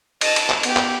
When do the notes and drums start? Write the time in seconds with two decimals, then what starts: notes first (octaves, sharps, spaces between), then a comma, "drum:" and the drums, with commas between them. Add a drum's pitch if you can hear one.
0.21 D#5 A5, drum: cymbal
0.36 drum: cymbal
0.50 drum: clap
0.63 B3 G4, drum: cymbal
0.77 drum: clap